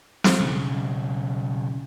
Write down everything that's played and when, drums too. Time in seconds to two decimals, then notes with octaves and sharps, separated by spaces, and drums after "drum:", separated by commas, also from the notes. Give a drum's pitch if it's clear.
0.24 drum: snare
0.40 B1 C#3